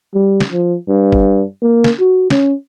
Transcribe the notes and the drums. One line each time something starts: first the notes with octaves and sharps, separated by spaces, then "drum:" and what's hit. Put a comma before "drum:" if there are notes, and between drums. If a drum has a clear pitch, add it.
G3
drum: snare
F3
G2
drum: kick
A#3
drum: snare
F#4
C#4, drum: snare